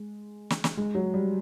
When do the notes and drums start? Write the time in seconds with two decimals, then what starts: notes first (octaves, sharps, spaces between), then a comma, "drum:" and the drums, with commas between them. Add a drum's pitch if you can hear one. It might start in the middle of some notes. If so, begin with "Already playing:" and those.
Already playing: G#3
0.50 drum: snare
0.64 drum: snare
0.77 G#3
0.95 F#3
1.14 G3